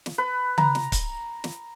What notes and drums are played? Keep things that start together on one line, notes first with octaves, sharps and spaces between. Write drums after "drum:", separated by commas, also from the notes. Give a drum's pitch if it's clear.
drum: snare
B4
A#5, drum: tom C#3
drum: snare
drum: kick C#1, hi-hat
drum: snare